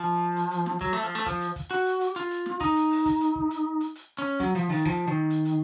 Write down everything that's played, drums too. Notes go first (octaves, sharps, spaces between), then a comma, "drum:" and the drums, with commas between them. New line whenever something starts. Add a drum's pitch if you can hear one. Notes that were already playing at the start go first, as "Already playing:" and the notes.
Already playing: F3
drum: hi-hat
drum: hi-hat
drum: snare
F#3, drum: kick, hi-hat
A3
F3
A3
F3, drum: kick, hi-hat
drum: hi-hat
drum: kick, hi-hat
F#4, drum: hi-hat
drum: hi-hat
drum: hi-hat
F4, drum: hi-hat
drum: hi-hat
drum: snare
D#4, drum: kick, hi-hat
drum: hi-hat
drum: open hi-hat
drum: kick, hi-hat
drum: hi-hat
drum: kick
drum: hi-hat
drum: hi-hat
drum: hi-hat
C#4
F#3, drum: kick, hi-hat
F3, drum: hi-hat
D#3, drum: open hi-hat
F3, drum: kick
D#3
drum: hi-hat
drum: hi-hat